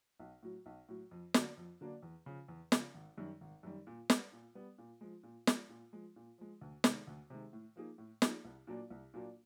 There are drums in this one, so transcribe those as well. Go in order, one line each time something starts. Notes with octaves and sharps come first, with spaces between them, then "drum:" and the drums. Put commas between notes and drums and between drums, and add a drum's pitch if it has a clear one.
B1
A2 F#3
B1
A2 F#3
F2
D3 F#3 A#3 D4, drum: snare
F2
D3 F#3 A#3 D4
E2
C#3 F3
E2
C#3 F3, drum: snare
G#1
F#2 D#3 G3
G#1
F#2 D#3 G3
A#2
G3 B3, drum: snare
A#2
G3 B3
A#2
F3 G#3
A#2
F3 G#3, drum: snare
A#2
F3 G#3
A#2
F3 G#3
D2
C3 D#3 G#3, drum: snare
D2
C3 D#3 G#3
A2
F3 A#3 D#4 G#4
A2
F3 A#3 D#4 G#4, drum: snare
C2
A#2 F#3 A#3 D4
C2
A#2 F#3 A#3 D4